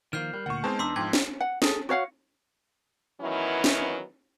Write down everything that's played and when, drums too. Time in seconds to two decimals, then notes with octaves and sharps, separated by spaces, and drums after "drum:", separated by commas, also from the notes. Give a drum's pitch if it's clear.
0.13 D#3 F3 A#3 F6 G6 C7
0.33 G3 A#4
0.46 D2 A#2 F#5 C#6
0.64 G#3 B3 C4 D#4 B4 C5 A5
0.79 E2 D4 C6 D6 E6
0.96 G#2 F3 G5 G#6
1.13 drum: snare
1.41 F#5
1.62 G#4 A4, drum: snare
1.89 F#4 C#5 F5 F#5
3.20 D#3 E3 F#3 B3 C#4 E4
3.64 drum: snare